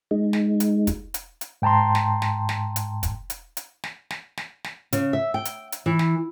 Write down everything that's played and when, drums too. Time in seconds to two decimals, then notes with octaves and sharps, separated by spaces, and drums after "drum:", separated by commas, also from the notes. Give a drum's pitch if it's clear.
0.11 G#3 D#4
0.33 drum: snare
0.60 drum: hi-hat
0.87 drum: kick, hi-hat
1.14 drum: hi-hat
1.41 drum: hi-hat
1.62 G#2 G5 A5 A#5 C6
1.95 drum: snare
2.22 drum: snare
2.49 drum: snare
2.76 drum: hi-hat
3.03 drum: kick, hi-hat
3.30 drum: hi-hat
3.57 drum: hi-hat
3.84 drum: snare
4.11 drum: snare
4.38 drum: snare
4.65 drum: snare
4.93 C#3, drum: hi-hat
5.13 E5
5.34 G5
5.45 drum: hi-hat
5.72 drum: hi-hat
5.86 E3
5.99 drum: snare